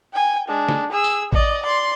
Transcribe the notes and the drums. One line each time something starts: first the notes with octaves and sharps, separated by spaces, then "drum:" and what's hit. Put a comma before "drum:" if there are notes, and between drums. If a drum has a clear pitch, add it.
G5 G#5
G#3 D4
drum: snare
G#4 E6
drum: tambourine
D5 D#5, drum: kick A1
D5 C6